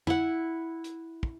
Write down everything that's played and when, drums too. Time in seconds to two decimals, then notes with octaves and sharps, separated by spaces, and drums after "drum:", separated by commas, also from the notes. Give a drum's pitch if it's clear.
0.07 E4 F#5, drum: tom
0.84 drum: hi-hat
1.23 drum: kick